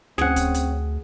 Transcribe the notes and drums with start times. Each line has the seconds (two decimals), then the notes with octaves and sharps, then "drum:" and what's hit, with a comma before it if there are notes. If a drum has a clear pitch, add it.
0.18 D2 C4 C#4 G#4 F#5, drum: snare
0.36 drum: kick, hi-hat
0.54 drum: hi-hat